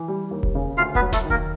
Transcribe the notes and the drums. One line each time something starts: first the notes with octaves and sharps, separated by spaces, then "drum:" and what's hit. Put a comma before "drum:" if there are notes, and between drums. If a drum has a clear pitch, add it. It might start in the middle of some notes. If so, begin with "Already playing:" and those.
Already playing: E3
G3
D#2
drum: kick E1
C#3
D2 F4 F5
B3 B4, drum: kick E1, hi-hat
F#3
A3 A4, drum: snare E1
D#3
A#3 A#4, drum: kick E1, hi-hat